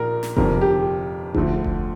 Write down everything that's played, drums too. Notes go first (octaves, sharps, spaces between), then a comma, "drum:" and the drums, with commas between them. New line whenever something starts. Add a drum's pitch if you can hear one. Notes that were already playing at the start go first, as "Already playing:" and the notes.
Already playing: A#1 A#2 A#4
drum: snare
G1 F2 C3 A#4, drum: kick F1
G4
D2 D3 F3, drum: kick F1
drum: kick F1